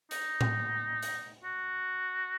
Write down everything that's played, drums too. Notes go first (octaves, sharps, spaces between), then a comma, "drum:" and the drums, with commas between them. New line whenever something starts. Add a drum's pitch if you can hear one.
D#4, drum: hi-hat
drum: tom A2
drum: hi-hat
F#4